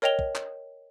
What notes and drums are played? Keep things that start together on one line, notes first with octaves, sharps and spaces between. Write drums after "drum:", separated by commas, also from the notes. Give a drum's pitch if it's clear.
A#4 C#5 D#5 G5 F7 G7
drum: kick
drum: clap